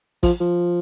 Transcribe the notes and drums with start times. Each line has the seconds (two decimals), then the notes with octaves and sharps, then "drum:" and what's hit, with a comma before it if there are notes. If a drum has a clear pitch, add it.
0.23 F3, drum: kick A1, open hi-hat
0.40 F3